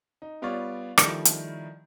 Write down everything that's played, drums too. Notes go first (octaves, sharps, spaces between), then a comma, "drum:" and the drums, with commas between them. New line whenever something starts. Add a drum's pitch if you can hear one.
D#4
G3 B3 F4 C#5 D5
D#3 F3 G3 A3 E4, drum: rim click
drum: hi-hat